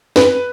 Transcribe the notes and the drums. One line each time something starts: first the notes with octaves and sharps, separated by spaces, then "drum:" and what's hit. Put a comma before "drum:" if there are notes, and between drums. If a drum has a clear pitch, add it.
B4, drum: snare